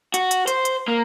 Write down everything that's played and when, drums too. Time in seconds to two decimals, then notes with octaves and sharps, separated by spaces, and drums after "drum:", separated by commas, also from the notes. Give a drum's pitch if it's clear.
0.14 F#4, drum: hi-hat
0.31 drum: hi-hat
0.47 C5, drum: hi-hat
0.65 drum: hi-hat
0.88 A#3